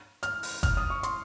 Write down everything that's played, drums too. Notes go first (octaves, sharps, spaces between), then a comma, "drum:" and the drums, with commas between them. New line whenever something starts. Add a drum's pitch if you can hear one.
F6, drum: hi-hat
drum: open hi-hat
F6, drum: kick F#1, hi-hat
D#6
C#6
C6, drum: hi-hat